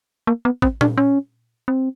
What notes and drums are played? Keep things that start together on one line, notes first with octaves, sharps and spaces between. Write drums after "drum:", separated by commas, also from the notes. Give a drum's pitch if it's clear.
A#3
B3
C4, drum: kick
D4, drum: tom A#2
C#4
C4